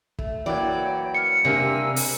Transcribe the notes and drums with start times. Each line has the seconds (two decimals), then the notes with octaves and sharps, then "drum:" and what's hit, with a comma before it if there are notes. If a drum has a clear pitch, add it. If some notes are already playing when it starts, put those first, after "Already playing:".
0.19 A3, drum: kick
0.46 E3 F#3 A#3 C#5 D5 G5
1.14 F6 C#7
1.45 C3 G3 A#3 D4 A#4 G#5 E6
1.96 drum: open hi-hat